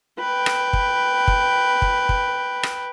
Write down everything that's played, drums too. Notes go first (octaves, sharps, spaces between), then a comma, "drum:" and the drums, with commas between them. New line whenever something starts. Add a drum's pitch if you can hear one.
B4 G5
drum: rim click
drum: kick
drum: kick
drum: kick
drum: kick
drum: rim click